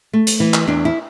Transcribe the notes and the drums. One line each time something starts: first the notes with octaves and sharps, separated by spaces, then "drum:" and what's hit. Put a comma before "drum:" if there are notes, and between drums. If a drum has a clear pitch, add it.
A3
drum: hi-hat
E3
drum: clap
E2 D4
E4